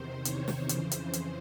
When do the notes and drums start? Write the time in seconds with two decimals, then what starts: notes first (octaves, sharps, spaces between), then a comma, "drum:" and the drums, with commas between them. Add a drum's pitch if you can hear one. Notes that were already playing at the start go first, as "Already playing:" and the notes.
Already playing: E2 C3 D#3 C5
0.25 C#5, drum: hi-hat
0.48 drum: snare
0.69 F2 C#3 E3 C5, drum: hi-hat
0.91 drum: hi-hat
1.13 drum: hi-hat